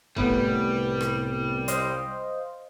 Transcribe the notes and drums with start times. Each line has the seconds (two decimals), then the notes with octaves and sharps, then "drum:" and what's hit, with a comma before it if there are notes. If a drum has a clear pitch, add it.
0.16 C2 A2 G3 B3 B5, drum: kick F1
1.01 drum: rim click
1.68 C5 D#5 F5, drum: hi-hat